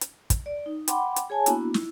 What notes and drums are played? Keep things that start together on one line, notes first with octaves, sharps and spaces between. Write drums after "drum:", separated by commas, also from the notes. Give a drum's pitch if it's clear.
drum: hi-hat
drum: kick, hi-hat
D5
D#4
F#5 G5 B5 C6 D6, drum: hi-hat
drum: hi-hat
G#4 C#5 G#5 A5
A#3 B3 D4 E4 F#4, drum: hi-hat
E4, drum: snare